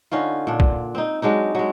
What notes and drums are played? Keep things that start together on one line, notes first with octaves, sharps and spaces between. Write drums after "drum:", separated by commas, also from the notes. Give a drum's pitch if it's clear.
D3 C#4 D#4 F4
A#2 D4
drum: kick
C4 D#4
F#3 G#3 D4 D#4
F#3 G#3